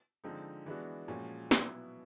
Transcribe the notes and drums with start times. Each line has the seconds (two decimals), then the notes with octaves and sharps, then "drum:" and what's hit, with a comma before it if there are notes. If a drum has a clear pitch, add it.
0.24 D3 F3 G#3 C4 D#4
0.66 E3 G#3 B3 D4 F#4
1.08 A#2 F3 G#3 C#4 F#4
1.51 B2 F#3 B3 E4, drum: snare